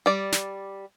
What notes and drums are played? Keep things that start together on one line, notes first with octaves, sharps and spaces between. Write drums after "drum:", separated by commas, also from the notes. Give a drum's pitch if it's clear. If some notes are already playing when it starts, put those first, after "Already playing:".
G3 D5
drum: snare